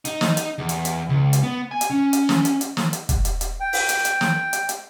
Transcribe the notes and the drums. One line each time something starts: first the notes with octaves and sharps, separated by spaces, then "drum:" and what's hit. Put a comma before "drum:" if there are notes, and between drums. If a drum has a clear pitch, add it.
D#4, drum: hi-hat
drum: snare
drum: hi-hat
E2
drum: hi-hat
drum: hi-hat
C#2
drum: hi-hat
B3
G#5
drum: hi-hat
C#4
drum: hi-hat
drum: snare
drum: hi-hat
drum: hi-hat
drum: snare
drum: hi-hat
drum: kick, hi-hat
drum: hi-hat
drum: hi-hat
G5
drum: open hi-hat
drum: hi-hat
drum: hi-hat
drum: snare
drum: hi-hat
drum: hi-hat